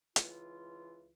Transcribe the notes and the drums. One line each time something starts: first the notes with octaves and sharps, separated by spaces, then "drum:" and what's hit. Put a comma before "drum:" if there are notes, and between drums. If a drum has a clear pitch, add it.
C#2 E3 F4, drum: hi-hat